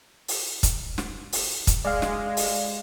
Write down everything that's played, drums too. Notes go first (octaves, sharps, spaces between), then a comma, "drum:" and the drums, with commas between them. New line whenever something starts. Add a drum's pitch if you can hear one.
drum: open hi-hat
drum: kick, hi-hat
drum: snare
drum: open hi-hat
drum: kick, hi-hat
G#3 D5 F5
drum: snare
drum: open hi-hat